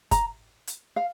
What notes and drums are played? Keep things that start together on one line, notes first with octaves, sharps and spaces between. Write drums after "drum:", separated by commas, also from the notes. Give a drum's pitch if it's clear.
A#5, drum: kick F#1, hi-hat
drum: hi-hat
F5